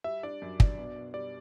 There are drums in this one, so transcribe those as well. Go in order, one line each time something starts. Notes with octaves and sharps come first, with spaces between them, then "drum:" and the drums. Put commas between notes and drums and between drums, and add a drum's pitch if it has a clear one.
G3 E5
D4 D5
F#2
D4, drum: kick
B2
B2
G3 D5